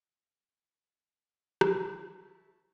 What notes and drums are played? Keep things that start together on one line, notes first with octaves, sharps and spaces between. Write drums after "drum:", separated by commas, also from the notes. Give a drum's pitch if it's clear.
drum: rim click
E4 A#4 C5 A5 C#6